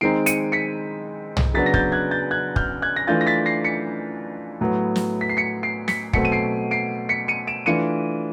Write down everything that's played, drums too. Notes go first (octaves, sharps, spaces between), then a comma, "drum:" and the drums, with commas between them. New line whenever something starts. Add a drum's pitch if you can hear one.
D#3 G#3 C4 D#4 C7 D7
C#7 D#7, drum: hi-hat
B6 C#7
drum: tom
C#3 F#3 B3 D4 A6 B6
A#6
G6 A6, drum: kick
F#6 G#6
G6 A6
F#6 G#6
F6 G6, drum: kick
F#6 G#6
A#6
E3 A3 D4 F4 G6 A6
A#6
A6 B6
A#6 C7
B6 C#7
A2 F#3 B3
drum: snare
B6
C7
B6 C#7
C7 D7
B6 C#7, drum: snare
B2 F#3 A3 C4 B6 C#7, drum: kick
D#7
C7 D7
C7 D7
B6 C#7
C#7 D#7
D7 E7
E3 A3 D4 F4 C#7 D#7